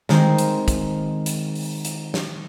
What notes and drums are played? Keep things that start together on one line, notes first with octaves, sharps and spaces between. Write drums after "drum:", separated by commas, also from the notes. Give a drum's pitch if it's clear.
D#3 G#3 C4 D#4 C5, drum: snare
drum: hi-hat
drum: kick, hi-hat
drum: hi-hat
drum: open hi-hat
drum: hi-hat
drum: snare